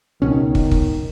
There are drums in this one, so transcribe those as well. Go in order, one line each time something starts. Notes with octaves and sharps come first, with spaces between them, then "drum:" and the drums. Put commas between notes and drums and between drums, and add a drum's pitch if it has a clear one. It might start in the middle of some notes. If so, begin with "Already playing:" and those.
C#2 B2 D#3 C#4
drum: kick
drum: kick